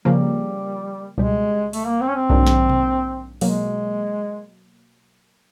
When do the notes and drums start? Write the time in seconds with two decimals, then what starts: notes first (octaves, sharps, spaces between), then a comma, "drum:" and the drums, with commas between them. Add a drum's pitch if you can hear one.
0.05 C#3 F3 G3 A#3
1.17 C#2 B2 G3 G#3
1.73 A3, drum: open hi-hat
1.87 A#3
2.01 C4
2.08 C#4
2.15 C4
2.30 G#2 D#3 F#3 A#3 D4, drum: kick B1
2.47 drum: snare
2.69 drum: tom B2
3.41 B2 F#3 G#3 A#3, drum: open hi-hat